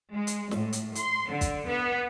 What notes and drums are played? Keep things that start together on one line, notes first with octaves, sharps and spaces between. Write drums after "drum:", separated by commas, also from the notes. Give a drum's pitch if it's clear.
G#3
drum: hi-hat
A2, drum: snare
drum: hi-hat
C6, drum: hi-hat
D3
drum: kick, hi-hat
B3